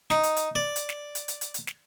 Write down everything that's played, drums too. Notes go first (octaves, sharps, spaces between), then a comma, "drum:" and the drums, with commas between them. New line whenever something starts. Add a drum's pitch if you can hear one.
D#4, drum: snare
drum: hi-hat
drum: hi-hat
D5
drum: hi-hat
drum: snare
drum: hi-hat
drum: hi-hat
drum: hi-hat
drum: hi-hat
drum: snare